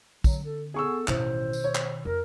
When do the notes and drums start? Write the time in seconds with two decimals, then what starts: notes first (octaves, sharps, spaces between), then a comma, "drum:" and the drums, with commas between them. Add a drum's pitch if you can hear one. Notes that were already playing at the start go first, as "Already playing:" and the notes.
0.24 D3 F#3 C4, drum: kick, tambourine
0.44 A4
0.74 B3 G#4 A4 C#6 E6
1.08 A1 B2 D#3 C5, drum: clap
1.53 drum: tambourine
1.64 C#5
1.75 drum: clap
2.05 F2 A#4